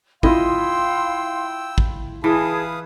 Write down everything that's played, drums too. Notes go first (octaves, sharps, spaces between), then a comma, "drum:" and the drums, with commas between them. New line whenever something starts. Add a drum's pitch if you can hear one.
E4 F4 D#5 F5 G5 C6 E6, drum: kick A1
drum: kick A1
E3 G#4 B4 F5 A5 D#6